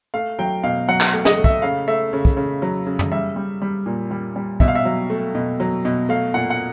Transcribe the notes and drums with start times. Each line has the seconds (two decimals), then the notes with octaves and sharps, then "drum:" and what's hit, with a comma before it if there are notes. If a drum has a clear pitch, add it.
0.14 A3 F5
0.39 F#3 G5
0.63 B2 F5
0.88 F#3 F#5
1.01 drum: clap
1.13 A3
1.25 D#5, drum: snare
1.38 A3
1.44 E5, drum: kick
1.62 C#3 F5
1.88 A3 E5
2.13 C#3
2.25 drum: kick
2.37 C#3
2.62 F#3
2.86 C#3
2.99 drum: tom
3.12 G3 E5
3.36 G3
3.62 G3
3.86 A#2
4.11 G3
4.36 G3
4.60 B2 E5, drum: kick
4.68 F5
4.75 E5
4.85 F#3
5.10 A3
5.35 B2
5.60 F#3
5.85 B2
6.09 A3 F5
6.34 A#2 F#5
6.50 F#5